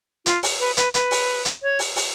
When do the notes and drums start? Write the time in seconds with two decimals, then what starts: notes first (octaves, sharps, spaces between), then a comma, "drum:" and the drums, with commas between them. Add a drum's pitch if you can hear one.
0.26 F4, drum: hi-hat
0.43 drum: open hi-hat
0.60 B4
0.77 B4, drum: hi-hat
0.94 B4, drum: hi-hat
1.11 drum: open hi-hat
1.45 drum: hi-hat
1.63 C#5
1.79 drum: open hi-hat
1.96 drum: open hi-hat